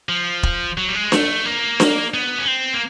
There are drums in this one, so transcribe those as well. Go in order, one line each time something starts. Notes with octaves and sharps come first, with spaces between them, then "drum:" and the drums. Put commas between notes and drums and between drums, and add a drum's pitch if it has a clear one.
F3
drum: kick
F#3
G3
G#3
A3, drum: snare D4
A#3
drum: snare D4
B3
C#4
C4
A#3